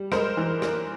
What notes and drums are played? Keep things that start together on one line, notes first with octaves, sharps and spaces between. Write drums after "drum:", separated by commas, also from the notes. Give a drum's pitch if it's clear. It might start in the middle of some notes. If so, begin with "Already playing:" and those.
Already playing: G3
G#3 A#4 C5, drum: rim click
E3
A#3, drum: rim click